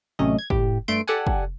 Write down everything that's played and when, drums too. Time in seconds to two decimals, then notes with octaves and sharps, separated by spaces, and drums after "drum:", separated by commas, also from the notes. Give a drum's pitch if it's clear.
0.19 A1 C3 F#3 A3 C#4 D#5
0.39 G#6
0.50 A2 G4, drum: kick
0.88 G2 A3 C6 D7
1.08 G4 A4 D5 F#5 G#5
1.27 drum: kick